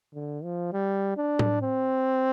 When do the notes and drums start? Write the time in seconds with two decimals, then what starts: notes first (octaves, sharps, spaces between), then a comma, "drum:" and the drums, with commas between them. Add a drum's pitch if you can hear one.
0.14 D3
0.44 F3
0.73 G3
1.17 D4
1.39 drum: tom A2
1.62 C4